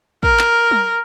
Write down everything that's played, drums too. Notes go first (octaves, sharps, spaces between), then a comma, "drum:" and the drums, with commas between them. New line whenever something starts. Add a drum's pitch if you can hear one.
A#4, drum: kick
drum: clap
drum: tom